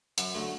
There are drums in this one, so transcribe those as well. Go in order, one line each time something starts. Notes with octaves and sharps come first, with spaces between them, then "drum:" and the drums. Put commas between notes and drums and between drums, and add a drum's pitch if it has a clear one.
F#2 F#5, drum: hi-hat
D3 F#3 A3